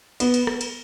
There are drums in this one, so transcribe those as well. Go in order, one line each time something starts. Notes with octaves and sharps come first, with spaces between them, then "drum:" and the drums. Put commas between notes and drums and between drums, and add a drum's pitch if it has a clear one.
B3, drum: cymbal
drum: cymbal
drum: rim click
drum: cymbal